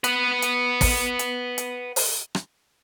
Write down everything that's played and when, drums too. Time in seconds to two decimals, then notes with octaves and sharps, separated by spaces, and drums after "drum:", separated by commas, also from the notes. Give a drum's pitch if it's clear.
0.04 B4 F#5, drum: hi-hat
0.42 drum: hi-hat
0.81 drum: kick, open hi-hat
1.19 drum: hi-hat
1.58 drum: hi-hat
1.96 drum: open hi-hat
2.35 drum: rim click